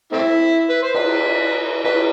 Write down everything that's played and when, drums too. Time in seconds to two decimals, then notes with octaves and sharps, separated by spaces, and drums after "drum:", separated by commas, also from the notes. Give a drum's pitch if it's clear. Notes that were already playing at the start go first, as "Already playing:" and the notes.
0.13 A3 C4 E4
0.70 B4
0.83 C5
0.95 B4, drum: cymbal
1.84 B4, drum: cymbal